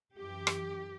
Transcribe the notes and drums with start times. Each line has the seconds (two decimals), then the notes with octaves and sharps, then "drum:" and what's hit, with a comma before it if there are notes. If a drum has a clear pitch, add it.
0.16 F#2 E3 G4
0.47 drum: rim click